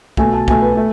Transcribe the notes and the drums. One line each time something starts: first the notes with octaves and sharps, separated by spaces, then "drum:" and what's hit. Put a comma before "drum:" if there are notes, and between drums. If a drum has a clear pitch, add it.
B2 A3 G#5, drum: kick
A5
B2 A3 G#5, drum: kick
B4
A3